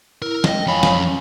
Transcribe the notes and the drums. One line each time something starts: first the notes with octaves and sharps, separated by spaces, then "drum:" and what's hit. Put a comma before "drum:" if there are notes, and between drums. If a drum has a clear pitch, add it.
E4 A#4
G#3 D#5 G5, drum: snare
F2 C#5 F5 G#5 B5
drum: snare
C#4